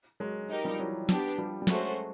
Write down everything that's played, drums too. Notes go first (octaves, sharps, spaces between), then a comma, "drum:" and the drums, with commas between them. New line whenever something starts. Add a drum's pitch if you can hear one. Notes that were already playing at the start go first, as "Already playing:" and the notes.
F#3 G#3
D#4 G4 A#4 D#5
F3 G3
E3 F#3
B3 D4 G4, drum: snare
F3 G3
G3
F#3 G#3 A3 C#4 F#4 A4 C5, drum: snare